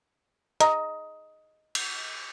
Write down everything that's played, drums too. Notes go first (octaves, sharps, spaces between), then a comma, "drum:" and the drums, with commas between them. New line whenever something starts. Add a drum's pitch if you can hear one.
D#5 A#5, drum: hi-hat
drum: cymbal